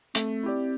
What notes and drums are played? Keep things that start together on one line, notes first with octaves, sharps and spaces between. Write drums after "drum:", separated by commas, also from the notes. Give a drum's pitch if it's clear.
A3 C4, drum: hi-hat
E4 G4 D5